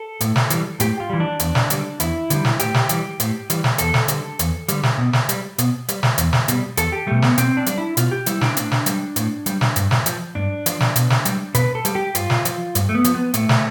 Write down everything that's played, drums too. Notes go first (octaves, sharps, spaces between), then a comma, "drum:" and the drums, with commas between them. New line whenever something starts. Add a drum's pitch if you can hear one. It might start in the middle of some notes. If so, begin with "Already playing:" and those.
Already playing: A4
A2, drum: hi-hat
drum: snare
E3 G3, drum: hi-hat
A2 G4, drum: hi-hat
F4
E3 G3
D4
E2, drum: hi-hat
drum: snare
D3 G3, drum: hi-hat
E2 E4, drum: hi-hat
D3 G3, drum: hi-hat
drum: snare
A2 G4, drum: hi-hat
drum: snare
E3 G3, drum: hi-hat
A2, drum: hi-hat
E3 G3, drum: hi-hat
drum: snare
E2 A4, drum: hi-hat
drum: snare
D3 G3, drum: hi-hat
E2, drum: hi-hat
D3 G3, drum: hi-hat
drum: snare
B2
drum: snare
G3, drum: hi-hat
B2, drum: hi-hat
G3, drum: hi-hat
drum: snare
E2, drum: hi-hat
drum: snare
B2 G3, drum: hi-hat
E2 A4, drum: hi-hat
G4
B2 G3 A3
B3, drum: snare
B2 C4, drum: hi-hat
D4
G3, drum: hi-hat
E4
B2 F4, drum: hi-hat
G4
G3 E4, drum: hi-hat
D4, drum: snare
A2 D4, drum: hi-hat
drum: snare
G3, drum: hi-hat
A2, drum: hi-hat
G3, drum: hi-hat
drum: snare
G2, drum: hi-hat
drum: snare
F3, drum: hi-hat
G2 D4
F3, drum: hi-hat
drum: snare
B2, drum: hi-hat
drum: snare
G3, drum: hi-hat
B2 B4, drum: hi-hat
A4
G3, drum: hi-hat
G4
G2 F4, drum: hi-hat
drum: snare
F3, drum: hi-hat
G2, drum: hi-hat
A3
B3
F3, drum: hi-hat
B3
A2 A3, drum: hi-hat
drum: snare